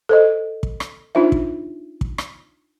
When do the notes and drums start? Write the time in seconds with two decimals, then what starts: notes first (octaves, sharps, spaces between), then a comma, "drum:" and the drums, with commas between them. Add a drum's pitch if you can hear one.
0.09 A4 C5 D#5
0.63 drum: kick
0.80 drum: rim click
1.15 D4 D#4 F4 C5 E5
1.32 drum: kick
2.01 drum: kick
2.18 drum: rim click